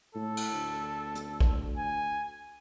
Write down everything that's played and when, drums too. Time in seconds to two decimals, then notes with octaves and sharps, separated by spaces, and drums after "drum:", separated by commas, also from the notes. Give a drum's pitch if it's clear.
0.15 A2 A4
0.37 drum: cymbal
0.53 D2
1.15 drum: hi-hat
1.40 drum: kick
1.77 G#5